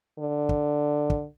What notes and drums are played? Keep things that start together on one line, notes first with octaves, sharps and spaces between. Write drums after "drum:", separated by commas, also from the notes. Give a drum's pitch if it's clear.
D3
drum: kick
drum: kick